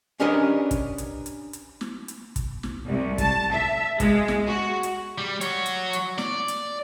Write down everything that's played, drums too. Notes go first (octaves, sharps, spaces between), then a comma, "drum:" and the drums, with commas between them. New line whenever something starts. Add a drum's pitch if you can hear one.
C#4 D4 G4 A#4 B4 D#5
drum: kick, hi-hat
drum: hi-hat
drum: hi-hat
drum: hi-hat
drum: snare
drum: hi-hat
drum: kick, hi-hat
drum: snare
C2
A5, drum: kick, hi-hat
E5
G#3, drum: kick, hi-hat
drum: snare
F#4
drum: hi-hat
G3
F#4 C#5, drum: hi-hat
drum: hi-hat
drum: hi-hat
D5, drum: snare
drum: hi-hat